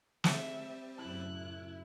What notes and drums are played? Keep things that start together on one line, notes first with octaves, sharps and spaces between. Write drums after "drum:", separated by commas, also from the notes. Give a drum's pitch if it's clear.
G3 C4 E5, drum: snare
F#2 A2 C#3 E4 F#6